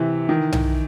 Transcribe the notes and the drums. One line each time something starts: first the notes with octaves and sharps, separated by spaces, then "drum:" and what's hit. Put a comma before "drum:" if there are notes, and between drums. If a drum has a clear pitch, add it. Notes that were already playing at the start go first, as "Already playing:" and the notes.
Already playing: C3 E3
D#3
drum: tom B1